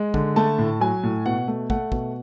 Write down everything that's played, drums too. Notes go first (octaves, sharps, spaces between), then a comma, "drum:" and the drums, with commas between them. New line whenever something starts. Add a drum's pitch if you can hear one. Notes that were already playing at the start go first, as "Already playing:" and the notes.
Already playing: G#3
D3, drum: kick
A3 A5
A2
F#3 G#5
A2
B2 F#5
A3
A3 F#5, drum: kick
B2, drum: kick